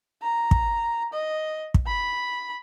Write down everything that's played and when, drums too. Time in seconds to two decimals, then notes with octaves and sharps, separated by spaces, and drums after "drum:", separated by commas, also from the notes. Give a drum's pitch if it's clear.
0.22 A#5
0.51 drum: kick
1.13 D#5
1.74 drum: kick
1.86 B5